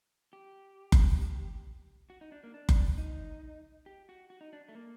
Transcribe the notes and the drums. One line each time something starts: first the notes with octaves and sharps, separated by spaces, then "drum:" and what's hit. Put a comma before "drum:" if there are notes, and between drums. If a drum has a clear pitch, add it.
G4
drum: kick F#1
F#4
D#4
D4
A#3
D4
drum: kick F#1
D#4
G4
F#4
F#4
D#4
D4
A3
A#3